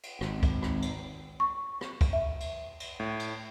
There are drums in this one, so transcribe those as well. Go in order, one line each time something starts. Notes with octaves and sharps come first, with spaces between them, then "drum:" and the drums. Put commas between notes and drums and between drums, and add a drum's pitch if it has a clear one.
drum: cymbal
G#1, drum: rim click
drum: kick, cymbal
drum: rim click
drum: cymbal
C#6
drum: rim click
drum: kick, cymbal
E5
drum: cymbal
drum: cymbal
A2
drum: cymbal